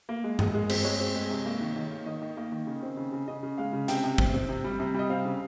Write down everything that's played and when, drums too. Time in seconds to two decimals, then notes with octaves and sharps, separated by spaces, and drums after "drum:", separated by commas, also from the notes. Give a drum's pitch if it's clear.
0.09 A#3
0.24 G#3
0.39 G#3, drum: tom G2
0.54 G#3
0.69 C4, drum: cymbal
0.85 G#3 C#5
1.00 C4
1.15 G#3
1.30 C3
1.46 A#3
1.61 D#3
1.76 D#3
1.91 A#3
2.06 D#3 D#5
2.21 D#3
2.37 A#3
2.52 D#3
2.67 C#3
2.83 C4
2.97 C#3
3.12 C#3
3.28 C#3 D#5
3.43 C#3
3.58 G#3 F5
3.73 C#3
3.88 C3 G5, drum: hi-hat
4.04 C3
4.18 C4, drum: kick
4.34 C4
4.49 C3
4.64 G3
4.80 C3
4.94 G3 D#5
5.10 C4 F5
5.25 C#3